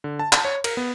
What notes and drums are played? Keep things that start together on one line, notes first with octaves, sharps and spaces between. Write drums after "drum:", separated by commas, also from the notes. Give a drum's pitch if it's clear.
D3
A5
A5, drum: clap
C#5
A#4, drum: cymbal
B3